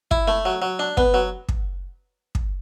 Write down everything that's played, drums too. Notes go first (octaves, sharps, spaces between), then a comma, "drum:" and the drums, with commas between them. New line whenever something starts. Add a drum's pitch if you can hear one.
E4, drum: kick
A3
F#3
F#3
D4
B3, drum: kick
F#3
drum: kick
drum: kick